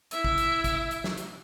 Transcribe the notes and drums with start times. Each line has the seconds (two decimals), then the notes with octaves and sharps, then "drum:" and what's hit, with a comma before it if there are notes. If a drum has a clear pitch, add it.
0.11 E4 E5, drum: hi-hat
0.24 drum: kick
0.38 drum: hi-hat
0.64 drum: kick, hi-hat
0.91 drum: hi-hat
1.04 drum: snare
1.18 drum: hi-hat